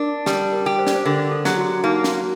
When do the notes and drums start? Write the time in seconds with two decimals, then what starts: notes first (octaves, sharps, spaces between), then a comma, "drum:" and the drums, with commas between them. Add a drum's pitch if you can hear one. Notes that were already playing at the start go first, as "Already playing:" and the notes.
Already playing: D4 A#4
0.26 G3 A4, drum: snare
0.52 A#4
0.66 G4
0.79 C5
0.87 D5, drum: snare
0.95 C5
1.05 D3 A#4
1.31 A4
1.45 F#3 G4, drum: snare
1.58 F#4
1.84 A#3 D#4
2.04 F#4, drum: snare